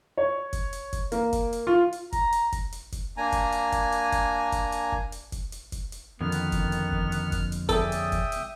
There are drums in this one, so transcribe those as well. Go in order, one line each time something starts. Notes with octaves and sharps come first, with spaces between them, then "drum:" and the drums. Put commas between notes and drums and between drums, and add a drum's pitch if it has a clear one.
C#5
drum: kick F1, hi-hat
drum: hi-hat
drum: kick F1, hi-hat
A#3, drum: hi-hat
drum: kick F1, hi-hat
drum: hi-hat
F4
drum: hi-hat
A#5, drum: kick F1, hi-hat
drum: hi-hat
drum: kick F1, hi-hat
drum: hi-hat
drum: kick F1, hi-hat
A#3 D4 G#5 A#5
drum: kick F1, hi-hat
drum: hi-hat
drum: kick F1, hi-hat
drum: hi-hat
drum: kick F1, hi-hat
drum: kick F1, hi-hat
drum: hi-hat
drum: kick F1
drum: hi-hat
drum: kick F1, hi-hat
drum: hi-hat
drum: kick F1, hi-hat
drum: hi-hat
F2 A#2 D3 D#3 B3 F6
drum: hi-hat
drum: kick F1, hi-hat
drum: hi-hat
drum: kick F1
drum: hi-hat
drum: kick F1, hi-hat
drum: hi-hat
C#4 G#4 A4 D5 E5 G5 D#6, drum: kick F1, hi-hat
drum: hi-hat
drum: kick F1, hi-hat
drum: hi-hat